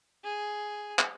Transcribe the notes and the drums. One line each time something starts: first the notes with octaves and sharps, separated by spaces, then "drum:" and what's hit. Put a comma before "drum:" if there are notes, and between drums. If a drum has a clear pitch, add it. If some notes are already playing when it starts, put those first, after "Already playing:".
G#4
drum: clap